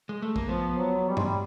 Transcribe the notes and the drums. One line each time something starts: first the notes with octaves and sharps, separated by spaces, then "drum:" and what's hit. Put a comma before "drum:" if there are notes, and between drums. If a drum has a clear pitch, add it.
G#3
A3
A#3, drum: kick
F3 B3
F#3
G3
G#3, drum: tom G2
G3